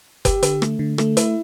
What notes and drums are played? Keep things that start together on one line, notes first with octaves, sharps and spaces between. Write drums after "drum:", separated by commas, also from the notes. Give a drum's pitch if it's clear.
G4, drum: kick F#1, hi-hat
D3, drum: hi-hat
A3, drum: rim click
D3
A3, drum: rim click
E4, drum: hi-hat